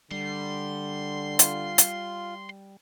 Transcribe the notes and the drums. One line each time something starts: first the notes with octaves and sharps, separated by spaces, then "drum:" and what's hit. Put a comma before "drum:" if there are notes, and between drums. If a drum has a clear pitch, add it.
D3 G3 C6
F4, drum: hi-hat
drum: hi-hat